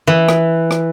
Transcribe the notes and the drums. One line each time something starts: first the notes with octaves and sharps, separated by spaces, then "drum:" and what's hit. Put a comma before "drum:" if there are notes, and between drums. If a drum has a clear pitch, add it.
E3
drum: rim click
drum: rim click